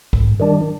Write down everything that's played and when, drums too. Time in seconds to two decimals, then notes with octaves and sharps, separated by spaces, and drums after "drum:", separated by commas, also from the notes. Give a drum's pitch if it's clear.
0.13 G#2, drum: kick
0.40 D#3 G3 D4